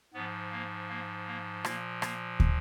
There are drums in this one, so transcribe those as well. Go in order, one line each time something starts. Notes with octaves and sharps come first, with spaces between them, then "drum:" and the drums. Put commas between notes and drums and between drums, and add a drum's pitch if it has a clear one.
G#2 F3 B3
A#3
A#3
A#3
A#2 F3 A#3, drum: rim click
A#3, drum: rim click
drum: kick